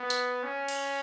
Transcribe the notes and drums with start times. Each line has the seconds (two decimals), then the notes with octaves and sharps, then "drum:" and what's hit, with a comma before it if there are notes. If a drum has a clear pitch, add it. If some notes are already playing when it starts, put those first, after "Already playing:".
Already playing: B3
0.10 drum: hi-hat
0.43 C#4
0.68 drum: cymbal